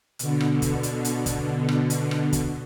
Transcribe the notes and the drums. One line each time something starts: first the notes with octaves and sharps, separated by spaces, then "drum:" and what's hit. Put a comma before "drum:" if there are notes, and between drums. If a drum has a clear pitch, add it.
B2 D3, drum: hi-hat
drum: rim click
drum: kick, hi-hat
drum: hi-hat
drum: hi-hat
drum: kick, hi-hat
drum: rim click
drum: hi-hat
drum: rim click
drum: kick, hi-hat